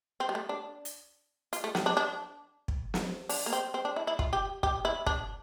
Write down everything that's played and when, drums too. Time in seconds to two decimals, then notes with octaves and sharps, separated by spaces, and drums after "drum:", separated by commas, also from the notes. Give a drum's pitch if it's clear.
0.20 C4
0.29 G3
0.35 A3
0.49 D4
0.85 drum: hi-hat
1.53 F4, drum: hi-hat
1.64 A3
1.75 G3, drum: snare
1.86 D4
1.97 D4
2.68 drum: kick
2.94 drum: snare
3.29 D4, drum: open hi-hat
3.46 A#3
3.53 C4
3.74 C4
3.85 D4
3.96 E4
4.07 E4
4.19 F4, drum: kick
4.33 G4
4.63 G4, drum: kick
4.85 E4
5.07 D4, drum: kick